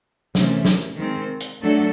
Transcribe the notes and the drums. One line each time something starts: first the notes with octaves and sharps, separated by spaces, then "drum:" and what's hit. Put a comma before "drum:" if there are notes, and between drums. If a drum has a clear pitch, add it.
C3 E3 A3 C#4, drum: snare
drum: snare
D#3 G#3 C4
drum: hi-hat
F#3 A3 D4 F#4 A4